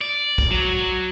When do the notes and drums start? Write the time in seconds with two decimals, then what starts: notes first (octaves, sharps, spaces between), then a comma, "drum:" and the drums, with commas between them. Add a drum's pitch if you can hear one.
0.01 D5
0.38 drum: kick
0.51 F#3